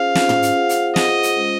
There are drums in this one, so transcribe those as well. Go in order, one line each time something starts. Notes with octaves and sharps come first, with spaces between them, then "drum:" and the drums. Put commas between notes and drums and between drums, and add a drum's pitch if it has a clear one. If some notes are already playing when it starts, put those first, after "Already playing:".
Already playing: C#4 F4 G#4 C5 F5
C#4 F4 G#4 C5, drum: snare
drum: tom
drum: hi-hat
F4 G#4 C5 F#5
drum: hi-hat
F4 G#4 C5 D#5 F#5, drum: snare
drum: hi-hat
G#3 C#4 F4 C5